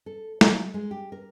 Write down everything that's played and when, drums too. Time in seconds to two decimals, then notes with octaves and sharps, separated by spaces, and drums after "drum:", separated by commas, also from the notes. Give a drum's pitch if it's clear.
0.06 A4
0.41 F#3, drum: snare
0.74 G#3
0.91 G4
1.12 A#4